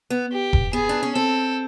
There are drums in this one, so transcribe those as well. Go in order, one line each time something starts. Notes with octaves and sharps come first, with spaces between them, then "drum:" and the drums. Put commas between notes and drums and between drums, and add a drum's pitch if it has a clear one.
B3
G4
drum: kick E1
B3 G#4
D4
C#4
C4 A4